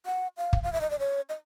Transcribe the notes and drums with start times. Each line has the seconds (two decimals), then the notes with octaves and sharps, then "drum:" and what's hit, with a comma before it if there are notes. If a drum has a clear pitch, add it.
0.06 F#5
0.37 F5
0.53 drum: kick
0.63 F5
0.73 E5
0.81 D#5
0.90 D5
0.99 C#5
1.29 D#5